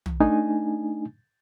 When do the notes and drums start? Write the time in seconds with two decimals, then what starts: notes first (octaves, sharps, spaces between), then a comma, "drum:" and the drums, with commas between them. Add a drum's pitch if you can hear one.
0.06 drum: tom
0.20 A3 D4 D#4 G#5